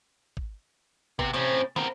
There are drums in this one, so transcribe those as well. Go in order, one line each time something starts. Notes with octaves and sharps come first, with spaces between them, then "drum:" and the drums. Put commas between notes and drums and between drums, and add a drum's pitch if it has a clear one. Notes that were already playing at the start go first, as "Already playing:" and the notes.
drum: kick
C3 B3, drum: kick
A2 C3 C4 C#4 G4
B3 C4 A#4, drum: snare